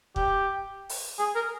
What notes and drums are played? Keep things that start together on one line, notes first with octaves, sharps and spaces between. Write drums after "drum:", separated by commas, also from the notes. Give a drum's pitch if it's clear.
G4, drum: kick
drum: open hi-hat
G#4
A#4